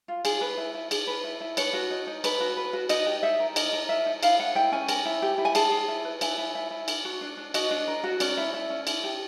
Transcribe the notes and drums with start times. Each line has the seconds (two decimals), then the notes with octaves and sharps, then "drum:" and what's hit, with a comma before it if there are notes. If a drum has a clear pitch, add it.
0.08 F4
0.25 G#4, drum: cymbal
0.41 B4
0.57 E4
0.74 E4
0.91 G#4, drum: cymbal
1.07 B4
1.24 E4
1.41 E4
1.57 B4 C#5, drum: cymbal
1.73 F#4
1.90 D#4
2.07 D#4
2.24 B4, drum: cymbal
2.40 F#4
2.57 B4
2.73 F#4
2.89 D#4 D#5, drum: cymbal
3.07 G4
3.23 D#4 E5
3.40 A#4
3.56 A#4 D#5, drum: cymbal
3.73 A#4
3.89 A#4 E5
4.06 D#4
4.23 E4 F5, drum: cymbal
4.39 E4 F#5
4.55 E4 G5
4.72 C#4 G#5
4.89 A#4, drum: cymbal
5.06 E4
5.22 G4
5.38 E4
5.45 G#5
5.55 G#4 A5, drum: cymbal
5.71 G#4
5.88 E4
6.05 B4
6.21 E4 G#5, drum: cymbal
6.38 E4
6.55 E4
6.71 E4
6.88 A#4, drum: cymbal
7.05 F#4
7.21 D4
7.37 D4
7.54 F#4 D#5, drum: cymbal
7.71 D4
7.88 A#4
8.04 F#4
8.20 C#4 D5, drum: cymbal
8.37 E4
8.54 E4
8.70 C#4
8.87 E4, drum: cymbal
9.04 G4